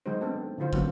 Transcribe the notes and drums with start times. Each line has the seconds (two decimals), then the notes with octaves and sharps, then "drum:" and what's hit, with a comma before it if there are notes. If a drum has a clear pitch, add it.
0.06 D#3 F#3 G#3 D#4 F#4 C5
0.21 A3 B3 C4 D4 A4
0.58 D3 F3 E4 F4 C5
0.73 D3 F#3 A#3 B3 C#4 F#4, drum: kick